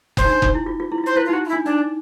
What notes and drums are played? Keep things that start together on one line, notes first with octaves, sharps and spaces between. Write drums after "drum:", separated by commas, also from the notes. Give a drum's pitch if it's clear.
C#4 C5, drum: kick F#1
D#4
D4
D#4, drum: kick F#1
E4
F4
F4
E4
F4
E4
C5
E4 B4
F4
D#4
F#4
F4
E4
D4
D4 D#4